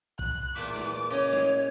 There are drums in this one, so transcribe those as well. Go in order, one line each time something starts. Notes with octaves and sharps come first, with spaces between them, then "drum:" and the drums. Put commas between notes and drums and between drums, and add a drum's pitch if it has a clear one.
F#6, drum: kick
E2 A#2 E5 D6
drum: snare
C#3 C#5 D#5
drum: snare